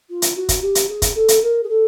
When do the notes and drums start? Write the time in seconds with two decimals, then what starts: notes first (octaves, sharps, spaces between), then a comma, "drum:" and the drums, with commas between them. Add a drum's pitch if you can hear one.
0.09 F4
0.22 drum: hi-hat
0.35 F#4
0.49 drum: kick, hi-hat
0.62 G4
0.75 drum: hi-hat
0.88 G#4
1.02 drum: kick, hi-hat
1.15 A4
1.28 drum: hi-hat
1.42 A#4
1.63 G#4
1.69 A4